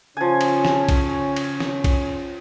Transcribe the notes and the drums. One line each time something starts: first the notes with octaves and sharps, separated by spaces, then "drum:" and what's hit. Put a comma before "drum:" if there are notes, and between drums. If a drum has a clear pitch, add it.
C#3 F3 C#4 G#5
drum: cymbal
drum: snare
drum: kick A#1, cymbal
drum: cymbal
drum: snare
drum: kick A#1, cymbal